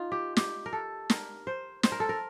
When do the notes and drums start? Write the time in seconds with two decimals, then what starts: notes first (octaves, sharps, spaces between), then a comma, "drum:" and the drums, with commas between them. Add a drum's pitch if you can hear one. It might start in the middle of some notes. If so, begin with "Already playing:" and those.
Already playing: D#4 F4
0.12 G4
0.37 G4, drum: snare
0.66 A#4
0.73 A4
1.10 A#4, drum: snare
1.47 C5
1.83 C5, drum: snare
1.92 A#4
2.00 A4
2.09 A#4